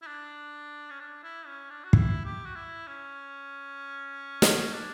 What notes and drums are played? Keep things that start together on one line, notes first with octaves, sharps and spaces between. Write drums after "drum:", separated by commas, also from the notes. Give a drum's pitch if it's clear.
E4
D4
C#4
D4
E4
C#4
D4
F#4
E4, drum: kick
G4
F#4
E4
C#4
drum: snare
D4